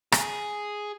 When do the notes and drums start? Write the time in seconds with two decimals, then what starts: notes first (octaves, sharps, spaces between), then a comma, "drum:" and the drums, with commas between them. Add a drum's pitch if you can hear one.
0.12 G#4, drum: rim click